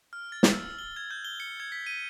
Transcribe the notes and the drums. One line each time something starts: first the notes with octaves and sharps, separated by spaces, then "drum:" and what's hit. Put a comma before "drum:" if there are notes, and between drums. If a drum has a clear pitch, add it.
F6
A6
drum: snare
E6
G7
G#6
G6
G7
C#7
G#6
B6
D#7